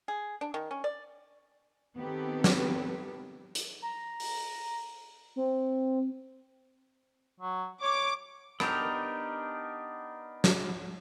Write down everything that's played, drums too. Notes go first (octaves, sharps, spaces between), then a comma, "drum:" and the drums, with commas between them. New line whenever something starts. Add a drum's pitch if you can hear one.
G#4
D4
D#3
C#4
D5
D#3 B3 C4 G4 A4 B4
drum: snare
drum: hi-hat
A#5
drum: open hi-hat
C4
F#3
C#5 D6
B3 D4 D#4 G4 A#4, drum: rim click
drum: snare